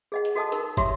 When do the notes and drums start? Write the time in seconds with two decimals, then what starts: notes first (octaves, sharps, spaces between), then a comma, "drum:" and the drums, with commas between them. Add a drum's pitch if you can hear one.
0.12 G#4 D#5 F#5
0.25 drum: hi-hat
0.35 F#4 A4 D#5 A5 D#6
0.52 D#4 A#4, drum: hi-hat
0.77 F#4 G4 C#5 E5 C6 D6, drum: kick, hi-hat